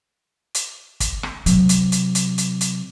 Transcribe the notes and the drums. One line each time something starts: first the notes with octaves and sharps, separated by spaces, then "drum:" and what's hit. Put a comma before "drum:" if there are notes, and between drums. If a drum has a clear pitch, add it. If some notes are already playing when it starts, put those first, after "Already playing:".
drum: hi-hat
drum: kick, hi-hat
drum: rim click
C3 F#3, drum: hi-hat
drum: hi-hat
drum: hi-hat
drum: hi-hat
drum: hi-hat
drum: hi-hat